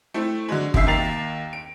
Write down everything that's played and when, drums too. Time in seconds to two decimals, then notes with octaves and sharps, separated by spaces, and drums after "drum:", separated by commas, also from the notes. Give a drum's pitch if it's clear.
0.14 A3 C4 E4
0.49 D3 F#3 G#3
0.74 C#2 D#3 E5 C7, drum: kick G1
0.87 D#2 A#4 A6 C7 F7
1.53 D7